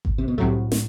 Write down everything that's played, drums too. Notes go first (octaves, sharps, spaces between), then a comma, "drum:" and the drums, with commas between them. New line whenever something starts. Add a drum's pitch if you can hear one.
drum: kick G#1
C3
B2
C2 A2 C3 F#3 A3
drum: snare